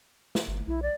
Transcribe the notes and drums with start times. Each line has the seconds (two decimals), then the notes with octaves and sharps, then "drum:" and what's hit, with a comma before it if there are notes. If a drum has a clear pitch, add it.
0.35 drum: snare
0.48 G1
0.67 B1 E4
0.82 D5